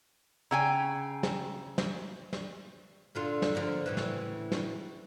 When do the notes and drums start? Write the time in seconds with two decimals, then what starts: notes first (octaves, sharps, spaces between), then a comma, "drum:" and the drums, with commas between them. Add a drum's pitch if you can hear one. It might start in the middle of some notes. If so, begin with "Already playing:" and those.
0.51 C#3 G5 G#5 A#5 E6 G#6
1.23 drum: snare
1.78 drum: snare
2.33 drum: snare
3.15 A#2 D3 F4
3.42 drum: snare
3.55 D3 F3 A#3
3.86 A2 C#3 E3
3.97 drum: snare
4.52 drum: snare